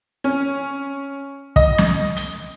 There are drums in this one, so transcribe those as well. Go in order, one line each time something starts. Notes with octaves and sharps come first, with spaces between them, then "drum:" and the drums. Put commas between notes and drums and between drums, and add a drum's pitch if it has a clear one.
C#4
D#5, drum: kick
drum: snare
drum: hi-hat